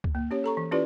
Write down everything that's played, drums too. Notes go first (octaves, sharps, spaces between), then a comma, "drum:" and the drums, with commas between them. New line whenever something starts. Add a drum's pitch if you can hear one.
drum: kick C#2
A#3
C#4 G4 C#5
A4 A#5 C#6
E3
C#4 E4 F4 G4 B4 D5